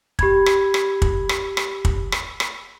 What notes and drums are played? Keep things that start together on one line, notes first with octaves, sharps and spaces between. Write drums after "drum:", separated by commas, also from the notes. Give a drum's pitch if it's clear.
G4 B5 G#6, drum: kick
drum: rim click
drum: rim click
drum: kick
drum: rim click
drum: rim click
drum: kick
drum: rim click
drum: rim click